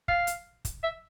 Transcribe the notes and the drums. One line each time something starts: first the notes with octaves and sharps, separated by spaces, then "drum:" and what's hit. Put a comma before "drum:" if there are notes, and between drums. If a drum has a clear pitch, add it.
F5, drum: kick
drum: hi-hat
drum: kick, hi-hat
E5